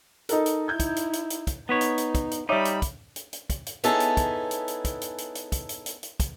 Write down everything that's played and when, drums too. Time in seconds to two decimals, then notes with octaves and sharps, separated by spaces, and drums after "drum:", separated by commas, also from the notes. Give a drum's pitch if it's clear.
0.29 D#4 A4 A#4, drum: hi-hat
0.46 drum: hi-hat
0.68 D#4 E4 G6 G#6
0.80 drum: kick, hi-hat
0.96 drum: hi-hat
1.13 drum: hi-hat
1.30 drum: hi-hat
1.47 drum: kick, hi-hat
1.69 B3 D#4 B4 C#5
1.81 drum: hi-hat
1.98 drum: hi-hat
2.15 drum: kick, hi-hat
2.31 drum: hi-hat
2.49 G3 D#4 C#5 E5 B5 D6
2.65 drum: hi-hat
2.82 drum: kick, hi-hat
3.16 drum: hi-hat
3.33 drum: hi-hat
3.50 drum: kick, hi-hat
3.66 drum: hi-hat
3.84 B3 C#4 D#4 E4 G#4 A4, drum: hi-hat
4.00 drum: hi-hat
4.17 drum: kick, hi-hat
4.51 drum: hi-hat
4.68 drum: hi-hat
4.85 drum: kick, hi-hat
5.01 drum: hi-hat
5.18 drum: hi-hat
5.35 drum: hi-hat
5.52 drum: kick, hi-hat
5.69 drum: hi-hat
5.86 drum: hi-hat
6.03 drum: hi-hat
6.20 drum: kick, hi-hat